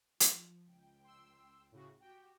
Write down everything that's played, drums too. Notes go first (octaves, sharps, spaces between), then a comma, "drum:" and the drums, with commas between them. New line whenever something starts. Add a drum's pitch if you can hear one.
F3, drum: hi-hat
C#2 G5
C6 E6
A2 C#3 F#4
F#4 G4 G5